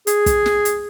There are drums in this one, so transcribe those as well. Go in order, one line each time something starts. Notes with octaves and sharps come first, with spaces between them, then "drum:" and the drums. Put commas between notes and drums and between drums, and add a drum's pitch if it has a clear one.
G#4, drum: hi-hat
drum: kick, hi-hat
drum: snare
drum: hi-hat